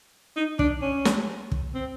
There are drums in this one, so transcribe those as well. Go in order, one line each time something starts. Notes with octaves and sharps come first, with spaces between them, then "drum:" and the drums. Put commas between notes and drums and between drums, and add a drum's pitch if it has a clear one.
D#4
D4, drum: kick
C#4
drum: snare
drum: kick
C4